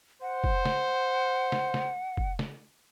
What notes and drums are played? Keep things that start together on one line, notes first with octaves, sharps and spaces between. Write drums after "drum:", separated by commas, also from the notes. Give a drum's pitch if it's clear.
C5 F#5
drum: kick
drum: snare
drum: snare
drum: snare
drum: kick
drum: snare